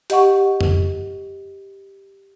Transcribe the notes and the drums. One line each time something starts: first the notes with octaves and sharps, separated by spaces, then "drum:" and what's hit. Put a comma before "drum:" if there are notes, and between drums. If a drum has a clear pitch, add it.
G4 D#5 F#5 C#6, drum: hi-hat
drum: tom F2